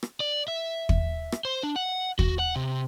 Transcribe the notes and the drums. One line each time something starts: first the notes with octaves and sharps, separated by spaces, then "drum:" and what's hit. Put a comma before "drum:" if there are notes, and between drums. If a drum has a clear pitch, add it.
drum: rim click
D5
E5
drum: kick
drum: rim click
C5
D4
F#5
F#4, drum: kick
F#5
C3